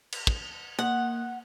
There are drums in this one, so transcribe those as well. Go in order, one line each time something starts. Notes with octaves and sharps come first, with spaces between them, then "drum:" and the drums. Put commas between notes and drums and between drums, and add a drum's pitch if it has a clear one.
drum: cymbal
drum: kick
A#3 F#5